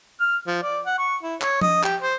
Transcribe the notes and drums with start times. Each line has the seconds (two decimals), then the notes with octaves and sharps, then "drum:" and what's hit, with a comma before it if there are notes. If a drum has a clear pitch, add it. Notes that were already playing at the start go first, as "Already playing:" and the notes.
0.20 F6
0.47 F3
0.63 D5
0.86 F#5
0.98 C#6
1.23 E4
1.41 C#5, drum: clap
1.61 D#5, drum: tom F3
1.83 G4, drum: clap
2.02 C5